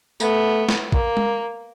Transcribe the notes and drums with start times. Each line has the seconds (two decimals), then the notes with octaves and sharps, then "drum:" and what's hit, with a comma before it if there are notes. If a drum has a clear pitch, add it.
0.20 A3 B3, drum: tambourine
0.69 drum: snare
0.92 A#3, drum: kick
1.17 drum: tom G#3